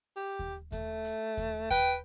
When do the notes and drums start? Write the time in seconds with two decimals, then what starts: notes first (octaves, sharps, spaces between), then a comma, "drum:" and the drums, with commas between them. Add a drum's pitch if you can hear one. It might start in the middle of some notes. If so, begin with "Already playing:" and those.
0.16 G4
0.39 drum: kick D#2
0.72 A3, drum: kick D#2, hi-hat
1.05 drum: hi-hat
1.37 drum: kick D#2, hi-hat
1.71 B4 G5, drum: kick D#2, hi-hat